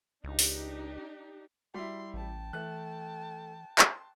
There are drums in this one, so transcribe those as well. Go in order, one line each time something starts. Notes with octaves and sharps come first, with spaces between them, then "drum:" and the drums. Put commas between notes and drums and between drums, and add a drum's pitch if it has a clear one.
C#2 D4 D#4 G4
drum: open hi-hat
G3 E4 F#4 C6
A1 G5 A5
E3 A3 F#6
C6, drum: clap